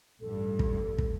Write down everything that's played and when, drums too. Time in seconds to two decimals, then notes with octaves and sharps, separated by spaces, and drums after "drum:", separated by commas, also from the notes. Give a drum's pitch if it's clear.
0.20 A1 G2 A4
0.59 drum: kick
0.98 drum: kick